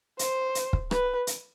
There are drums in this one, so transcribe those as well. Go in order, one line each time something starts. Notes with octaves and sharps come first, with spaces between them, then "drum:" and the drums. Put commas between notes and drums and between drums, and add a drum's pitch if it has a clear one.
C5, drum: hi-hat
drum: hi-hat
drum: kick
B4, drum: rim click
drum: hi-hat